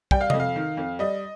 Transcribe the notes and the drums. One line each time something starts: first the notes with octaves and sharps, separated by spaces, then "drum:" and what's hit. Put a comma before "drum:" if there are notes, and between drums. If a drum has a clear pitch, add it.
G3 G5, drum: kick
F5
F2 D#5, drum: tom C3
F5
D#3
F2
G3 D#5